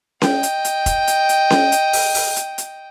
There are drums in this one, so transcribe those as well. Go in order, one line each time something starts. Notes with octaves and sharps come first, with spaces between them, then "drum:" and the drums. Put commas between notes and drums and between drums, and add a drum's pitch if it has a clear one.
D#5 G5, drum: snare C#4
drum: hi-hat
drum: hi-hat
drum: kick, hi-hat
drum: hi-hat
drum: hi-hat
drum: snare C#4
drum: hi-hat
drum: open hi-hat
drum: open hi-hat
drum: hi-hat
drum: hi-hat